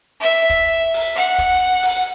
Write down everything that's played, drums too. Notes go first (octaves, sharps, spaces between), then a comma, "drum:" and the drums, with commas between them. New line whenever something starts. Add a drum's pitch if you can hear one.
E5
drum: kick, hi-hat
drum: open hi-hat
F#5
drum: kick, hi-hat
drum: open hi-hat